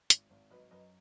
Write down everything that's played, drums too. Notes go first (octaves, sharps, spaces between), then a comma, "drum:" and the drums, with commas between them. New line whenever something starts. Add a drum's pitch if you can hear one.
G#1, drum: hi-hat
G#1
F#3 B4 D#5
F#2 B4 D#5